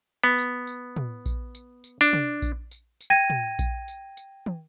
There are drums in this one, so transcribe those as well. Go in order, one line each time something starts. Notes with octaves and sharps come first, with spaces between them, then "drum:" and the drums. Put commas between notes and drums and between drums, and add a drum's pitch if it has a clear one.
B3
drum: tambourine
drum: tambourine
drum: tom
drum: kick A#1, tambourine
drum: tambourine
drum: tambourine
D4
drum: tom
drum: kick A#1, tambourine
drum: tambourine
drum: tambourine
G5 G#6 A#6 D#7
drum: tom
drum: kick A#1, tambourine
drum: tambourine
drum: tambourine
drum: tom